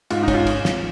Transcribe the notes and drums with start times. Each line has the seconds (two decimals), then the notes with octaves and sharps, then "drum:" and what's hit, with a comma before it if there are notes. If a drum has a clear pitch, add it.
0.10 G#2 F4, drum: cymbal
0.23 D#4
0.28 C#4, drum: kick, cymbal
0.34 F4
0.47 drum: cymbal
0.65 drum: snare